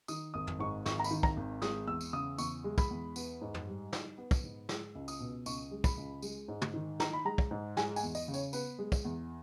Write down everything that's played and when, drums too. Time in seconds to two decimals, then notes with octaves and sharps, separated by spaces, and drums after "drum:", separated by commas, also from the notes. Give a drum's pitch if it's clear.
0.08 D#3 D#6, drum: tambourine
0.34 G#1 D#6
0.47 drum: tom
0.59 G#2 C#6
0.86 G#1 C#6, drum: snare
1.00 A#5
1.04 B5, drum: tambourine
1.11 D#3
1.23 A#5, drum: kick
1.37 G#1
1.62 G#3 D#6, drum: snare
1.87 E2 E6
2.01 drum: tambourine
2.13 C#3 D#6
2.38 E2 C#6, drum: tambourine
2.64 G#3
2.78 B5, drum: kick, tambourine
2.91 E2
3.16 B3, drum: tambourine
3.41 G#2
3.54 drum: tom
3.67 G3
3.93 D#4, drum: snare
4.18 B3
4.31 drum: kick, tambourine
4.43 G#2
4.69 G#3 E6, drum: snare
4.95 C#2
5.08 D#6, drum: tambourine
5.20 B2
5.46 C#2 C#6, drum: tambourine
5.71 G#3
5.84 B5, drum: kick, tambourine
5.97 C#2
6.22 G#3, drum: tambourine
6.48 G#2
6.61 drum: tom
6.74 D#3
7.00 D#4 A#5, drum: snare
7.13 B5
7.25 G#3 A#5
7.38 drum: kick
7.51 G#2
7.77 G#3 G#5, drum: snare
7.96 G#5, drum: tambourine
8.03 E2
8.15 D#5, drum: tambourine
8.28 C#3
8.34 C#5, drum: tambourine
8.53 B3 B4, drum: tambourine
8.79 G#3
8.92 drum: kick, tambourine
9.05 E2